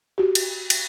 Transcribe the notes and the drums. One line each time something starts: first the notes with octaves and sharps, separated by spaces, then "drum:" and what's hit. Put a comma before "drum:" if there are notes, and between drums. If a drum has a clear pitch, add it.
F#4 G4
drum: cymbal
drum: cymbal